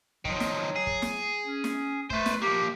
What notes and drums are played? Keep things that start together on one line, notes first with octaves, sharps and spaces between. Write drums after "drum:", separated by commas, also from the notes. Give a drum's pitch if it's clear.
D#3 F3 F#3, drum: kick
drum: snare
G#4
drum: kick
drum: snare
C#4
drum: snare
A3 B4 C5, drum: kick
drum: snare
F3 A#3 G4